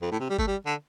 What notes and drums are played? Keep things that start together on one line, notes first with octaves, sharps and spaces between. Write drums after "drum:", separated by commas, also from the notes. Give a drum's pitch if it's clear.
F2
A2
C3
G3
A3, drum: kick G1
G3
D3